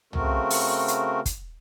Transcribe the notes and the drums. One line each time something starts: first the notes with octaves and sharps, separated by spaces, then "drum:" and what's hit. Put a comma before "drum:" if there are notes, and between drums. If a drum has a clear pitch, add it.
C#3 A3 C4 F#4 A#4, drum: tom C2
drum: open hi-hat
drum: hi-hat
drum: kick, hi-hat